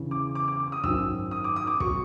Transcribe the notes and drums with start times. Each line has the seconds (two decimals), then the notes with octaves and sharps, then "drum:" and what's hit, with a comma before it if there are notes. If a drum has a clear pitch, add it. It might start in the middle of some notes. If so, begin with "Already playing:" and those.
Already playing: E2 C#3 E3
0.11 D6
0.35 D6
0.48 D6
0.60 D6
0.72 D#6
0.84 G#1 F#2 D#3 F#3 E6, drum: kick
1.31 D#6
1.44 D6
1.56 D#6
1.67 D6
1.80 B2 F#3 C#6, drum: kick